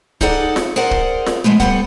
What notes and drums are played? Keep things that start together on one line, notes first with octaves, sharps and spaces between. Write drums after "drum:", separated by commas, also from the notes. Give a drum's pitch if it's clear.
D#4 G#4 A4 D5 F#5, drum: kick
drum: snare F4
G#4 A#4 C5 D5 F#5
drum: kick
drum: snare F4
F3 F#3 G#3 A3 B3
G3 B3 A4 C5 F#5, drum: kick